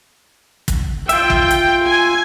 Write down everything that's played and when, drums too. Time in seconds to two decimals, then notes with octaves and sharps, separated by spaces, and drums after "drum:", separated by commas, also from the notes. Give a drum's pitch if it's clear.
0.68 drum: kick, hi-hat
1.09 F4 E5 G5, drum: hi-hat
1.30 drum: kick
1.51 drum: hi-hat
1.87 G#5